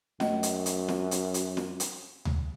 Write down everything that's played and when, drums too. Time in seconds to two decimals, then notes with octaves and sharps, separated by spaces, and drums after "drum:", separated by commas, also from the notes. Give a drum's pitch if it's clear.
0.20 F#2 A3 D#5, drum: snare
0.43 drum: hi-hat
0.66 drum: hi-hat
0.88 drum: snare
1.11 drum: hi-hat
1.34 drum: hi-hat
1.57 drum: snare
1.80 drum: hi-hat
2.25 drum: tom D2